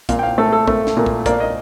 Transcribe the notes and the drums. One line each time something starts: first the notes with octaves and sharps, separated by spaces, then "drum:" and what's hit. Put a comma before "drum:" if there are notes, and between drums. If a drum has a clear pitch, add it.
A#2 F5, drum: kick, hi-hat
G5
F5
A3 A4
A4
A3, drum: kick
drum: snare
A#2
drum: kick
A#3 D5, drum: kick, hi-hat
D#5